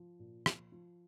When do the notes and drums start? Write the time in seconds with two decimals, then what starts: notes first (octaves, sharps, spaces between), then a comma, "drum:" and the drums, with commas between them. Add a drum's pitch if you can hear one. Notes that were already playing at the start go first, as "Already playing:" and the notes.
Already playing: F3
0.19 A#2
0.46 F3, drum: rim click
0.72 F3